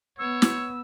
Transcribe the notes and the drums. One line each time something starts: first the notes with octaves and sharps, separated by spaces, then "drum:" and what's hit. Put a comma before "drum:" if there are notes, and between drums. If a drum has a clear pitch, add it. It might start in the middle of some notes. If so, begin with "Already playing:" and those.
B3 C#5 E6
drum: snare